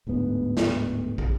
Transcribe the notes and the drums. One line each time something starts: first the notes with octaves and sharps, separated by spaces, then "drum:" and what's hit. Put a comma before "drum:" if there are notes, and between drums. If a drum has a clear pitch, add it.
D1 D2 G#2 B3
drum: snare
drum: kick